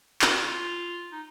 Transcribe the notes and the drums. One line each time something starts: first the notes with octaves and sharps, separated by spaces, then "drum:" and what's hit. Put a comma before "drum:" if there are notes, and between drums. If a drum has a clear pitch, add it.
F#4, drum: clap
F4
D#4